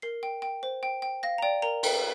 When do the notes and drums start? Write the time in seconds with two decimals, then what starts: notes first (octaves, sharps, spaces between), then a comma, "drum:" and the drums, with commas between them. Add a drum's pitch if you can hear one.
0.02 A#4 C7
0.23 G5
0.42 G5
0.63 C5
0.83 G5
1.02 G5
1.23 F5 A#6
1.38 A#5
1.42 D5 G5
1.62 A#4 A#5
1.83 A#4 G5, drum: cymbal